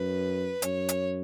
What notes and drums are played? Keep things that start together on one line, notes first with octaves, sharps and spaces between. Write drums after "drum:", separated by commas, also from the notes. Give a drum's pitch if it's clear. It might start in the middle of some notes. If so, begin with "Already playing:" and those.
Already playing: F#2 B4
F#2 C#5, drum: hi-hat
drum: hi-hat